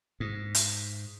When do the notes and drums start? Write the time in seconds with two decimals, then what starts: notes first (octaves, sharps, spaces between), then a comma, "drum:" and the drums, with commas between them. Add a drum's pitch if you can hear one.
0.20 G#2
0.55 drum: hi-hat